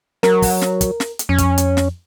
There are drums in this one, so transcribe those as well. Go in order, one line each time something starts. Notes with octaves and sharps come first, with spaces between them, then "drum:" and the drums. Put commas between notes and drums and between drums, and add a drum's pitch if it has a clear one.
F#3 A#4, drum: snare
drum: kick, open hi-hat
drum: snare
drum: kick, hi-hat
drum: snare
drum: hi-hat
F2 C#4
drum: kick, hi-hat
drum: hi-hat
drum: snare